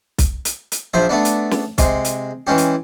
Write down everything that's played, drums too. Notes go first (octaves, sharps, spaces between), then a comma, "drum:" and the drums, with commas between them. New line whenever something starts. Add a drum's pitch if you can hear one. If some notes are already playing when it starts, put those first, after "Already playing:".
drum: kick B1, hi-hat
drum: hi-hat
drum: hi-hat
A#1 F3 C5 E5
A3 B3 D4
drum: hi-hat
drum: snare
C3 G#3, drum: kick B1, hi-hat
drum: hi-hat
E3 G#3 C#4 G4
drum: hi-hat